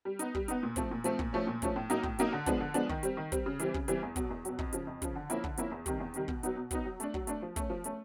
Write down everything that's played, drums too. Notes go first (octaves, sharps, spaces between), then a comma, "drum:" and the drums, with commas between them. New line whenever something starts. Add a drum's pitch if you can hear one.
G3
B3 D#4, drum: hi-hat
G3, drum: kick
B3 D#4, drum: hi-hat
A#2
F3 A3 C4, drum: kick, hi-hat
A#2
F3 A3 C4, drum: hi-hat
A#2, drum: kick
F3 A3 C#4
A#2
F3 A3 C#4, drum: kick, hi-hat
A2
F#3 A#3 D#4, drum: hi-hat
A2, drum: kick
F#3 A#3 D#4, drum: hi-hat
D3
F3 G#3 B3 D4, drum: kick, hi-hat
D3
F3 G#3 B3 D4, drum: hi-hat
D#3, drum: kick
G3 C4, drum: hi-hat
D#3
G3 C4, drum: kick, hi-hat
C#3
E3 G3 C4, drum: hi-hat
C#3, drum: kick
E3 G3 C4, drum: hi-hat
E2
B2 F#3, drum: kick, hi-hat
E2
B2 F#3, drum: hi-hat
F2, drum: kick
C#3 F3, drum: hi-hat
F2
C#3 F3, drum: kick, hi-hat
D3
F3 A#3 C#4 E4, drum: hi-hat
D3, drum: kick
F3 A#3 C#4 E4, drum: hi-hat
E2
C3 D#3 G3, drum: kick, hi-hat
E2
C3 D#3 G3, drum: hi-hat
B2, drum: kick
F#3 B3 D#4, drum: hi-hat
B2
F#3 B3 D#4, drum: kick, hi-hat
F#3
A3 D4, drum: hi-hat
F#3, drum: kick
A3 D4, drum: hi-hat
F3
A3 C#4, drum: kick, hi-hat
F3
A3 C#4, drum: hi-hat